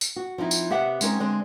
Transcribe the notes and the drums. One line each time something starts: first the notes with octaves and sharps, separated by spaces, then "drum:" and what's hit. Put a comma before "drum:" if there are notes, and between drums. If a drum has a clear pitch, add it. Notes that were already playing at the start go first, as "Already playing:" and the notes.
drum: tambourine
F#4
F3 C4 D#4 E4
drum: tambourine
C3 B3 G4 E5 F#5
G#3 C4 C#4 D#4 A#4, drum: tambourine
D3 G#3 C4